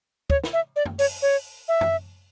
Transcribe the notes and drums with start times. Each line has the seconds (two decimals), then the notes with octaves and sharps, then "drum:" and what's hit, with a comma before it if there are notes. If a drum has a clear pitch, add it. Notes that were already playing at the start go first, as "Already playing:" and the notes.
0.30 C#5, drum: kick
0.44 drum: snare
0.53 E5
0.76 D5
0.86 drum: tom F#2
0.99 C#5, drum: open hi-hat
1.22 C#5
1.68 E5
1.81 drum: tom F#2